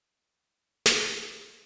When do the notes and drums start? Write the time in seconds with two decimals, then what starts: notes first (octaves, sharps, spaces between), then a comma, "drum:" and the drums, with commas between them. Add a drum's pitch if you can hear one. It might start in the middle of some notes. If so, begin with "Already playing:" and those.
0.86 drum: snare
0.96 F3 A#4 B4 D5 D#5